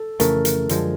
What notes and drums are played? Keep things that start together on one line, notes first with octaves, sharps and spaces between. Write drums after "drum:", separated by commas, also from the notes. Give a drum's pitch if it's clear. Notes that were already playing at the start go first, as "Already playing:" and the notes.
Already playing: A4
F2 C#3 E3 A3 A#4, drum: hi-hat
drum: hi-hat
F#2 D3 F3 G#3, drum: hi-hat